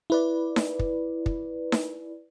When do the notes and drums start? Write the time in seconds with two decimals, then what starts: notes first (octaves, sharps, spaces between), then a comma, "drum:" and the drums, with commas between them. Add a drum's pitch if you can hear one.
0.10 E4 B4 D5
0.56 drum: snare D#4
0.79 drum: kick
1.26 drum: kick
1.72 drum: snare D#4